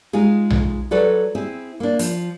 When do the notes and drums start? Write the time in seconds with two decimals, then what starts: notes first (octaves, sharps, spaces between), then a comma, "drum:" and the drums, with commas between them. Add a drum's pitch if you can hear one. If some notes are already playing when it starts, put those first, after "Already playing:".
0.13 G#3 D#4 F4 G#4
0.50 drum: tom B1
0.91 F#3 F#4 A4 B4 D5
1.35 C4 E4 G#4
1.80 A#3 D4
1.99 F3, drum: hi-hat